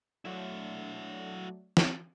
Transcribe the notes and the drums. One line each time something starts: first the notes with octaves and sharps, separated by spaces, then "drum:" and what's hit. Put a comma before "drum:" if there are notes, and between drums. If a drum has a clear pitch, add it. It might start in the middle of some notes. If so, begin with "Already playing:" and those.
F#3 A3 D4 E4 F#4
drum: snare